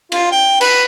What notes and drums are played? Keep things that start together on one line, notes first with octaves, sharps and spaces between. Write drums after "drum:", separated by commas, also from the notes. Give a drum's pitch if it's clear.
F4, drum: cymbal
G5
B4, drum: cymbal